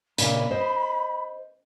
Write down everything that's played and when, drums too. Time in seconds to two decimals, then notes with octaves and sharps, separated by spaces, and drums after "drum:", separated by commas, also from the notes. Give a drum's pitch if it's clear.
0.18 A#2 C#3 B5, drum: hi-hat
0.51 C5 D#5